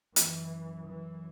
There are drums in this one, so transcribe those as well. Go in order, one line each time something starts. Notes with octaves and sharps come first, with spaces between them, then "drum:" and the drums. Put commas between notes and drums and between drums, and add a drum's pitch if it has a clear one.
F#2 E3, drum: hi-hat
E3